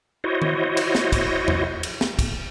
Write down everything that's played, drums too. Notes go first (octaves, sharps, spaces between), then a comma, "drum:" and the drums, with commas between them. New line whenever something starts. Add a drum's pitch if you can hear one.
E4 F#4 C5 C#5 D#5
drum: tom D#3
drum: cymbal
drum: snare
drum: kick, cymbal
drum: tom E2
drum: cymbal
drum: snare
drum: kick, cymbal